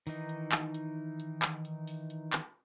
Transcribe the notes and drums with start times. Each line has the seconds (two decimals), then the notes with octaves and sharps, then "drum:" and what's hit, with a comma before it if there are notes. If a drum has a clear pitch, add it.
0.07 D#3 E3 D#4, drum: open hi-hat
0.29 drum: hi-hat
0.52 drum: clap
0.74 drum: hi-hat
1.20 drum: hi-hat
1.42 drum: clap
1.65 drum: hi-hat
1.87 drum: open hi-hat
2.10 drum: hi-hat
2.33 drum: clap